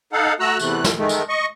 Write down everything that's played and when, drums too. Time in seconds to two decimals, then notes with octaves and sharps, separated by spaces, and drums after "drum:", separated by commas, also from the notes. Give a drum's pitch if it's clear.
0.13 D#4 A4 F5 F#5
0.40 A3 F#4 A#5 E6 F#6
0.59 E2 C3 E3 A3 F#6, drum: tambourine
0.84 drum: snare
0.97 D#3 G#3 A3
1.09 drum: tambourine
1.29 D#5 C#6